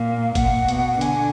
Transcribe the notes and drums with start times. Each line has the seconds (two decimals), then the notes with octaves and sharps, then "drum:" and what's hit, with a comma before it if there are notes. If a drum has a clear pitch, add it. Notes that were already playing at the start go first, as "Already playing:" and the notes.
Already playing: A#2 F5
0.35 A#2 F#5, drum: kick G1, hi-hat
0.68 B2, drum: hi-hat
0.93 F#5
1.01 D3 G#5, drum: hi-hat